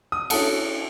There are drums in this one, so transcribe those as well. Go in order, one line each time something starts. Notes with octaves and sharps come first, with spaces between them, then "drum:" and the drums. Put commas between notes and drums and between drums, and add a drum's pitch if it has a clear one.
D#6
C#4 E4 F#4 A4 F#5, drum: cymbal